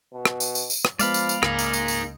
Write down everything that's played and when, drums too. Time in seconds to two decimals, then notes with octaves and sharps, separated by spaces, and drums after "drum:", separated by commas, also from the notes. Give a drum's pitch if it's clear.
0.14 B2
0.25 drum: rim click
0.40 drum: tambourine
0.55 drum: tambourine
0.70 drum: tambourine
0.85 drum: rim click
0.99 F3 G#3 B3 D5 F5 B5, drum: tambourine
1.14 drum: tambourine
1.29 drum: tambourine
1.43 C#2 A#3 D#4 G#4, drum: rim click
1.59 drum: tambourine
1.73 drum: tambourine
1.88 drum: tambourine